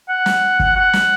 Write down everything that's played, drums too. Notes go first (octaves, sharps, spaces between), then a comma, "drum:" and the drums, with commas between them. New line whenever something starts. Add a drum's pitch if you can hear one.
F#5
drum: snare
drum: kick
F#5
drum: snare